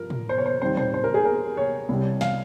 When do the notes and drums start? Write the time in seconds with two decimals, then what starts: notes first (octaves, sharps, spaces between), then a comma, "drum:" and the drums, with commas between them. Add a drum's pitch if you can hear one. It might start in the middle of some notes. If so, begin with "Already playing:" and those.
Already playing: G2 F3 A#4
0.10 drum: tom
0.29 C5
0.38 C#5
0.46 C5
0.61 D#2 D#3 G3 C4 C5
0.77 C5, drum: tom
0.94 C5
1.04 A#4
1.14 G#4
1.25 A#4
1.57 C#5
1.89 C2 C3 G3
2.21 F5, drum: snare